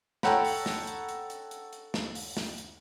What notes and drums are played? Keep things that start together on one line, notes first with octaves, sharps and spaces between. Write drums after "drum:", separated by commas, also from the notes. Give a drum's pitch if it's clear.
A4 C#5 F#5 G5 A#5 B5, drum: snare
drum: open hi-hat
drum: snare
drum: hi-hat
drum: hi-hat
drum: hi-hat
drum: hi-hat
drum: hi-hat
drum: snare
drum: open hi-hat
drum: snare
drum: hi-hat